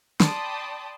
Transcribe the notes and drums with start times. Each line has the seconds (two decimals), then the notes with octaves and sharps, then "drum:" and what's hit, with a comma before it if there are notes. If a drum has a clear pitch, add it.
0.20 D5 G5 A5 B5 C6 D#6, drum: snare